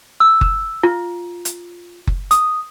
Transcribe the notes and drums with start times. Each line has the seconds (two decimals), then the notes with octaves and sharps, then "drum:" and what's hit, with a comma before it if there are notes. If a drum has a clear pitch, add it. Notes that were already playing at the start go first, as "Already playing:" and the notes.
0.20 E6
0.41 drum: kick F#1
0.83 F4
1.45 drum: hi-hat
2.07 drum: kick F#1
2.31 D#6, drum: hi-hat